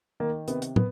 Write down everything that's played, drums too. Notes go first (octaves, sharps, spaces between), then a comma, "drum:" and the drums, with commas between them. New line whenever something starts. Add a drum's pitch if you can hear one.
D#3 A#3
C3 B3, drum: hi-hat
drum: hi-hat
B3, drum: tom